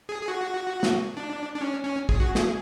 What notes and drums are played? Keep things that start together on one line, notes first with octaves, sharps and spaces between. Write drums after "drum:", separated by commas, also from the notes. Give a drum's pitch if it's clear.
G#4
G#4
F#4
drum: snare
D4
D4
C#4
C#4
G#4, drum: kick
F#4
G#4, drum: snare